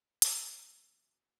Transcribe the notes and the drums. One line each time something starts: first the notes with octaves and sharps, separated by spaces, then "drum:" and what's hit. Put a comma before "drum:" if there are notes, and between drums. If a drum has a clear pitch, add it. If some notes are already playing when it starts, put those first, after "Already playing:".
E2 A#2 E3 F#3 C#4 A6, drum: hi-hat